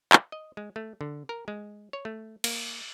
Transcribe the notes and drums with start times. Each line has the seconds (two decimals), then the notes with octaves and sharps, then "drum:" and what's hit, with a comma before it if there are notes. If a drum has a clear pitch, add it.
0.13 drum: clap
0.32 D#5
0.57 G#3
0.76 A3
1.01 D3
1.29 A#4
1.48 G#3
1.93 C#5
2.05 A3
2.44 A#3, drum: cymbal